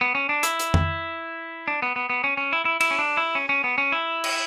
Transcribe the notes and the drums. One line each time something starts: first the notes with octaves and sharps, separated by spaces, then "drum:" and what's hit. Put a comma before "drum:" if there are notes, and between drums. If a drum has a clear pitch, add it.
B3
C#4
D4
E4, drum: hi-hat
drum: hi-hat
drum: tom F2
D4
B3
B3
B3
C#4
C#4
E4
E4
E4, drum: cymbal
C#4
D4
E4
C#4
C#4
B3
C#4
E4
drum: cymbal